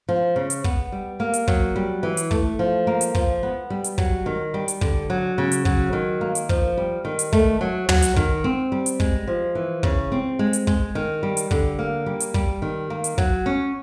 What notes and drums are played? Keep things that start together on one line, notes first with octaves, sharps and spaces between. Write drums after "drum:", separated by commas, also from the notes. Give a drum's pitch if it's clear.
F3
C#3
drum: hi-hat
B3, drum: kick
G3
A#3
drum: hi-hat
F#3, drum: kick
G3
E3
drum: hi-hat
A3, drum: kick
F3
A#3
drum: hi-hat
F3, drum: kick
B3
G3
drum: hi-hat
F#3, drum: kick
D#3
G3
drum: hi-hat
D3, drum: kick
F#3
C#3
drum: hi-hat
F#3, drum: kick
D#3
A#3
drum: hi-hat
F3, drum: kick
G3
D#3
drum: hi-hat
A3, drum: kick
F#3
F#3, drum: tom
drum: hi-hat
D#3, drum: kick
C4
G3
drum: hi-hat
G#3, drum: kick
F3
E3
C#3, drum: kick
C4
G#3
drum: hi-hat
G#3, drum: kick
D#3
G3
drum: hi-hat
D3, drum: kick
A#3
G3
drum: hi-hat
G3, drum: kick
D#3
A#3
drum: hi-hat
F#3, drum: kick
C#4